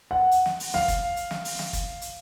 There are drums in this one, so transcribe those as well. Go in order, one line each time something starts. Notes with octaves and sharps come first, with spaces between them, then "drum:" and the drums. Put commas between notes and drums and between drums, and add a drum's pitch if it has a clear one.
F#5
drum: hi-hat
drum: snare
drum: open hi-hat
F5, drum: snare
drum: kick, hi-hat
drum: hi-hat
drum: snare
drum: open hi-hat
drum: snare
drum: kick, hi-hat
drum: hi-hat